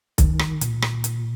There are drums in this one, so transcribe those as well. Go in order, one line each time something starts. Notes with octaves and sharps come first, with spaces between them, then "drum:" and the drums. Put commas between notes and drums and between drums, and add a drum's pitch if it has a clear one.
D#3, drum: kick B1, hi-hat
drum: rim click
A#2, drum: hi-hat
drum: rim click
drum: hi-hat